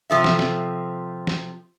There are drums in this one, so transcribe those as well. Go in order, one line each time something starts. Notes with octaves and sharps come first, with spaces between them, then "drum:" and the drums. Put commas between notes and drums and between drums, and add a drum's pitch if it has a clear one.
C3 F3 A4 E5
drum: snare
drum: snare
drum: snare